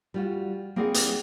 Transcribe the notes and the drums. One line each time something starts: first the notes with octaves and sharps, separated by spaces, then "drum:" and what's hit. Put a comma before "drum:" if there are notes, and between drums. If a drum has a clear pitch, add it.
G3 F4 F#4
A#3 C4 E4 G#4 D5 F#5
drum: hi-hat